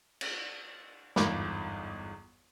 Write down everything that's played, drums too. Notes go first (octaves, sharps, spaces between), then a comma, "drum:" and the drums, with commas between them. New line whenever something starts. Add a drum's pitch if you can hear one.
drum: cymbal
G1 E2 G#2 F4 B5 D6, drum: snare